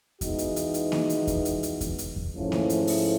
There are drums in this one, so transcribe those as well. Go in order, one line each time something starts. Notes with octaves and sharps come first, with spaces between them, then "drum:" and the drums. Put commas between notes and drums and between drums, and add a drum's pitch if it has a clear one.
E3 G#3 B3 D#4 F#4, drum: kick E2, hi-hat
drum: hi-hat
drum: hi-hat
drum: hi-hat
drum: snare A#3
drum: hi-hat
drum: kick E2, hi-hat
drum: hi-hat
drum: hi-hat
drum: kick E2, hi-hat
drum: hi-hat
drum: kick E2
G#2 F3 A3 C#4 E4
drum: snare A#3
drum: hi-hat
drum: open hi-hat